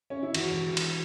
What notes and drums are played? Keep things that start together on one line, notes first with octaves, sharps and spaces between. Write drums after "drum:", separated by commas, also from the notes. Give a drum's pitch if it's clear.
C#4
E4
E2 F#4, drum: cymbal
E1
E3
drum: cymbal